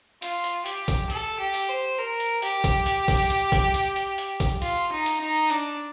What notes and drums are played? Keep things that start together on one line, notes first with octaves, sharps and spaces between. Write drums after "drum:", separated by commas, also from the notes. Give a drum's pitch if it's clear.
F4, drum: hi-hat
drum: hi-hat
G4, drum: hi-hat
drum: kick, hi-hat
A4, drum: hi-hat
G4
drum: hi-hat
C5
A#4
drum: hi-hat
G4, drum: hi-hat
drum: kick, hi-hat
drum: hi-hat
drum: kick, open hi-hat
drum: hi-hat
drum: kick, hi-hat
drum: hi-hat
drum: hi-hat
drum: hi-hat
drum: kick, hi-hat
F4, drum: hi-hat
D#4
drum: hi-hat
D#4
D4, drum: hi-hat